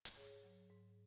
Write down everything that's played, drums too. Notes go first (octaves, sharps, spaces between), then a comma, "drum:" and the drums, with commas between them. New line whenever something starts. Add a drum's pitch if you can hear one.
drum: hi-hat
G#2 G#4 C#5
F#3
G#2